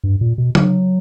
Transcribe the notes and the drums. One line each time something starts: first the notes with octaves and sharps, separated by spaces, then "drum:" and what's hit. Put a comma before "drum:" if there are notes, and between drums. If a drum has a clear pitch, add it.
G2
A#2
B2
F#3, drum: tom C#3